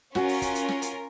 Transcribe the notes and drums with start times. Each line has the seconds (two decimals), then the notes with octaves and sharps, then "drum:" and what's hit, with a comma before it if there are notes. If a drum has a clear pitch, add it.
0.15 C#4 F4 F#4 A#4, drum: snare
0.28 drum: open hi-hat
0.42 drum: kick, hi-hat
0.55 drum: hi-hat
0.68 drum: snare
0.82 drum: hi-hat